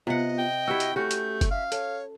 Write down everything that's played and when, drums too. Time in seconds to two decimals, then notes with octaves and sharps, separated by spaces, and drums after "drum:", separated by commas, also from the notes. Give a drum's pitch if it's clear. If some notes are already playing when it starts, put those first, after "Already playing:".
0.07 C3 B3 F4 D#5 F#5
0.38 G5
0.68 E4 F#4 G4 E6
0.80 drum: hi-hat
0.96 A3 C#4 F#4 G4 G6
1.11 drum: hi-hat
1.41 drum: kick F#1, hi-hat
1.51 E5 F5
1.72 A4 C#5, drum: hi-hat